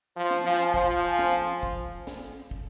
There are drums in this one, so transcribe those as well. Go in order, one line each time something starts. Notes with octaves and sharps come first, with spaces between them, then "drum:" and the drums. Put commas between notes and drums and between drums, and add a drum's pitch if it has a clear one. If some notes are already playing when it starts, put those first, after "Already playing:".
F3 C5
drum: snare
F3 F5 G#5 C6
F3 C5, drum: kick
F5 G#5 C6
drum: snare
drum: kick
drum: snare
drum: kick